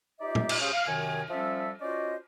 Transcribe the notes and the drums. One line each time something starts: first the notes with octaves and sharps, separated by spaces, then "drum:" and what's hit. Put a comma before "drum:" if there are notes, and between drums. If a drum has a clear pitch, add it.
D#4 F4 G4 C5 D5 E5
drum: tom
drum: cymbal
C#4 G4 G#4 C5 F5
F5
F#2 C3 D#3 G#5
F3 G3 C#4 A4 E5
C#4 F4 F#4 C5 D5 D#5